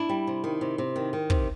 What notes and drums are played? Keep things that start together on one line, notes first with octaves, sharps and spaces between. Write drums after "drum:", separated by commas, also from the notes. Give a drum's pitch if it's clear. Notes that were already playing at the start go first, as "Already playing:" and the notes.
Already playing: D4 E4
G3
C3
D#3
C3
C3
D#3
D#3
C3, drum: kick